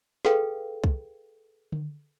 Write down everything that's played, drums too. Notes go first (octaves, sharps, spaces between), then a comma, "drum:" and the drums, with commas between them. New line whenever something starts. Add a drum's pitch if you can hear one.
G#4 A4 B4 F5 G5, drum: snare
drum: kick C2
drum: tom D3